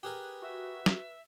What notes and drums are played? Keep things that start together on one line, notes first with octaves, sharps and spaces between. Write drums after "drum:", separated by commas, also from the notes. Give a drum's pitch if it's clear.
G4 G#4 A#4 B4 F#6
F#4 E5
drum: snare